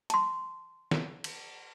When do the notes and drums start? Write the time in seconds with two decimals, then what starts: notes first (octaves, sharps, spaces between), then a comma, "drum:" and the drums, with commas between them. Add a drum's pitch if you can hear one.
0.10 A5 C6, drum: hi-hat
0.91 drum: snare
1.24 drum: cymbal